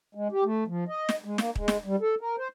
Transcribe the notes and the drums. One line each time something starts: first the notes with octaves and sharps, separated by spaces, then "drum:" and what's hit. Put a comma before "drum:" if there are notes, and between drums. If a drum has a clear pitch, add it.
G#3
G4
A3
F3
D#5
drum: snare
G#3
A#3, drum: snare
G#3, drum: kick
drum: snare
G3
A4
A#4
C5